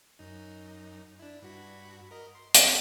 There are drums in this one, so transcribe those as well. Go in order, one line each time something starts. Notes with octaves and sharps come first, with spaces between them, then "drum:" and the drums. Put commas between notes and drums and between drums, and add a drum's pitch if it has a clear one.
F#2 D#4
D4 E4
G2 F#4 B5
A#4 D#5
C6
A#1, drum: hi-hat